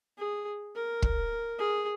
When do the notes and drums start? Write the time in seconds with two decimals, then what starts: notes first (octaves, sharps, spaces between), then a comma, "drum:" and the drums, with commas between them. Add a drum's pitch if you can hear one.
0.18 G#4
0.75 A#4
1.02 drum: kick
1.58 G#4